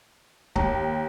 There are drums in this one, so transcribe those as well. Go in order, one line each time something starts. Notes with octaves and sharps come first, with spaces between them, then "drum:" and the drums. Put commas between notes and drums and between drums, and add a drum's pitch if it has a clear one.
D#2, drum: kick C#1